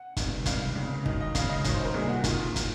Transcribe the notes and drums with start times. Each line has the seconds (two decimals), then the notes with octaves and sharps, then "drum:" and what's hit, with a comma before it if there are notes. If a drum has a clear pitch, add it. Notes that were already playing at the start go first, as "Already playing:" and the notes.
Already playing: F#5
0.17 C#2 C3 D#3, drum: kick, hi-hat
0.46 C2 C3 D#3 F5, drum: kick, hi-hat
0.76 C#2 C#3
1.06 F#2 D#3 D#5, drum: kick
1.21 D#5
1.35 C#2 C#3 F5, drum: kick, hi-hat
1.49 D#5
1.64 F#2 D#3 C#5, drum: kick, hi-hat
1.74 C5
1.85 A#4
1.94 C2 A#2 G#4
2.09 F#4
2.24 F#2 D#3 F4, drum: kick, hi-hat
2.56 D#3, drum: kick, hi-hat